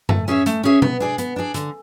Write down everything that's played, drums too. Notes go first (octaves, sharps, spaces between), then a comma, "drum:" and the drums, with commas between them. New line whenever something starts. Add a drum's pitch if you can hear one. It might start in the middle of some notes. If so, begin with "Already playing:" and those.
A3, drum: tom F#2
C#4 G#4 C#5 E5
A3, drum: hi-hat
C#4 G#4 C#5 E5
B3, drum: tom B2
D4 G#4 D5
B3, drum: hi-hat
D4 G#4 D5
D3, drum: hi-hat